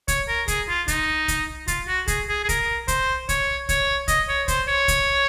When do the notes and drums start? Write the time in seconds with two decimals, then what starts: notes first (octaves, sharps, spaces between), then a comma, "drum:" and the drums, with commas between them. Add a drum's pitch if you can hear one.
0.08 C#5, drum: kick C2, hi-hat
0.28 A#4
0.48 G#4, drum: kick C2, hi-hat
0.68 F4
0.88 D#4, drum: kick C2, hi-hat
1.28 drum: kick C2, hi-hat
1.68 F4, drum: kick C2, hi-hat
1.88 F#4
2.08 G#4, drum: kick C2, hi-hat
2.28 G#4
2.44 G#4
2.49 A#4, drum: kick C2, hi-hat
2.88 C5, drum: kick C2, hi-hat
3.29 C#5, drum: kick C2, hi-hat
3.69 C#5, drum: kick C2, hi-hat
4.08 D#5, drum: kick C2, hi-hat
4.29 C#5
4.48 C5, drum: kick C2, hi-hat
4.68 C#5
4.88 drum: kick C2, hi-hat